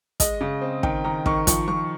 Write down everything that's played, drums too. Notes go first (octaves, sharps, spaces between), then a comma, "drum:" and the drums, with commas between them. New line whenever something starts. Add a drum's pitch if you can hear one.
G#3 D#5, drum: kick, hi-hat
C#3
C4
D#3 G5, drum: kick
D#3 A#5
D#3 C#6, drum: kick
F3 C#6, drum: kick, hi-hat
F3 C#6